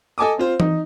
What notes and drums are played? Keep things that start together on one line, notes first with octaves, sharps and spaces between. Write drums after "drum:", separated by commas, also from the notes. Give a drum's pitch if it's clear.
A4 D#5 G#5 A5 D6 D#6
C4 F4 C5
D#4, drum: tom E3